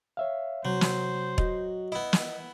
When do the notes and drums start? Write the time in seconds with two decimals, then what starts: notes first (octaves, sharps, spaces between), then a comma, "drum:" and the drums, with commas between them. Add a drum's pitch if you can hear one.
0.17 C#5 E5 F5
0.65 C3 F#3 C5
0.81 drum: snare
1.38 F#4 D#5, drum: kick E1
1.92 B3 E4 D#5
2.13 drum: snare